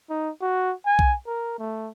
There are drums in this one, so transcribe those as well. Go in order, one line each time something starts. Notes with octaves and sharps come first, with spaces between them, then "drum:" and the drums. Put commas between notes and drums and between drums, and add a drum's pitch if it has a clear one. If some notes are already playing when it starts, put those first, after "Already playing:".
D#4
F#4
G#5
drum: kick B1
A#4
A3